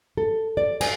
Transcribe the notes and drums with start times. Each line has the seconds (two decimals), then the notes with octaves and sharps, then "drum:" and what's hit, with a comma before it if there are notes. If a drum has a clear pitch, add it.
0.17 A4
0.57 D5
0.81 G#5, drum: cymbal